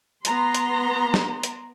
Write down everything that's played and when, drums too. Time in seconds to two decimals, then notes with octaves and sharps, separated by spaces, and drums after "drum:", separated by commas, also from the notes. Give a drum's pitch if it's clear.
0.25 B3 A#5 C6, drum: hi-hat
0.55 drum: hi-hat
1.14 drum: snare
1.43 drum: hi-hat